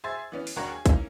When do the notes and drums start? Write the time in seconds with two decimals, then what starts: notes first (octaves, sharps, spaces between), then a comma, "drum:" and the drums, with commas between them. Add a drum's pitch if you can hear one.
0.04 G#4 C5 E5 A6
0.32 E3 B3 C#4
0.47 drum: open hi-hat
0.56 D#2 D4 F#4 A#4 C#5
0.70 G#4
0.86 E3 A#3 C#4 D#4, drum: kick, hi-hat